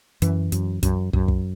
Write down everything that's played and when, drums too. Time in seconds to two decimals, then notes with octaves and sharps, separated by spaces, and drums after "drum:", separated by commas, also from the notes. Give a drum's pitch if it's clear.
0.22 F#2 E3, drum: hi-hat
0.52 F#2, drum: hi-hat
0.83 F#2, drum: kick, hi-hat
1.13 F#2, drum: kick
1.28 drum: kick